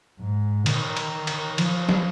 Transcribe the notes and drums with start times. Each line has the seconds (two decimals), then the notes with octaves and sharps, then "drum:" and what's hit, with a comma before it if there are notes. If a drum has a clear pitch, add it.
0.20 G#2
0.66 D#3, drum: cymbal
0.97 drum: cymbal
1.27 drum: cymbal
1.58 F3, drum: cymbal
1.89 drum: snare